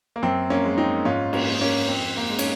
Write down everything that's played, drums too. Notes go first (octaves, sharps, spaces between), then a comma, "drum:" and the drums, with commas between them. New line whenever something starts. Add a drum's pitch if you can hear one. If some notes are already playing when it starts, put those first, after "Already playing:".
A#3
F#2 C4
A#3 C#4
G#3
C4 D#4
G#2 C#4 F4
A#3 C#4, drum: cymbal
A#3
A#3 C#4
F2 C4
A#3
G#3
C#4, drum: cymbal